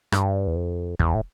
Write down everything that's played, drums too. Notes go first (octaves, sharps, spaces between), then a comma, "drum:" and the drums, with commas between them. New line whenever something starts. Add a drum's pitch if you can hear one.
G2, drum: rim click
E2
F2
E2, drum: kick
A2